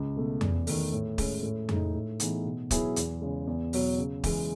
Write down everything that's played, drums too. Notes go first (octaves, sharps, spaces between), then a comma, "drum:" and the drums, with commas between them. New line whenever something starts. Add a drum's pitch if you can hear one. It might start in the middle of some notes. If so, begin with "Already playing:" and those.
Already playing: C#2
B2 A3
E2, drum: tom F2
D#3 A3, drum: open hi-hat
A2
G#3 C#4, drum: kick, open hi-hat
A2
G#3 D#4, drum: tom F2
A2
E3 B3 D#4 G#4, drum: hi-hat
B2
F#3 B3 E4 G#4, drum: kick, hi-hat
E2, drum: hi-hat
C#3 G#3
E2
B2 F#3, drum: open hi-hat
C#3
E3 G#3, drum: kick, open hi-hat